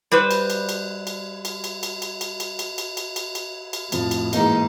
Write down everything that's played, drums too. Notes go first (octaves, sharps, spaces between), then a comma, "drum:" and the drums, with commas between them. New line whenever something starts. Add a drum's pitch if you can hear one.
G3 B4 C5
drum: cymbal
drum: cymbal
drum: cymbal
drum: cymbal
drum: cymbal
drum: cymbal
drum: cymbal
drum: cymbal
drum: cymbal
drum: cymbal
drum: cymbal
drum: cymbal
drum: cymbal
drum: cymbal
drum: cymbal
drum: cymbal
F2 A2 F3, drum: cymbal
drum: cymbal
G#2 E3 A#3 D#4, drum: cymbal